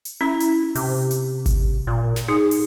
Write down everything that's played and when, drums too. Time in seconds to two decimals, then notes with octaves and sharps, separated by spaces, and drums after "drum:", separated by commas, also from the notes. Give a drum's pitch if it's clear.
0.05 drum: hi-hat
0.21 C#4 E4
0.40 drum: hi-hat
0.75 C3, drum: open hi-hat
1.11 drum: hi-hat
1.46 drum: kick G#1, hi-hat
1.87 A#2
2.16 drum: snare
2.28 D#4 G#4
2.51 drum: open hi-hat